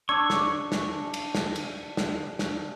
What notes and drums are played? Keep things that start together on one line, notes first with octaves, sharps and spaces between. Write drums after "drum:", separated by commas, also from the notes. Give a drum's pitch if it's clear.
D4 C#6 D6 E6 G#6
drum: snare
drum: snare
drum: cymbal
drum: snare
drum: cymbal
drum: snare
drum: snare